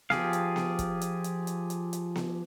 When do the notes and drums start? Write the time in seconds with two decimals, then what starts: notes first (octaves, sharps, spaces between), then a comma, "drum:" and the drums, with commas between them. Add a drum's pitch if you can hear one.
0.10 F3 G4 G#4 F5, drum: snare B3
0.33 drum: hi-hat
0.56 drum: snare B3
0.79 drum: kick, hi-hat
1.01 drum: hi-hat
1.24 drum: hi-hat
1.47 drum: hi-hat
1.70 drum: hi-hat
1.93 drum: hi-hat
2.16 drum: snare B3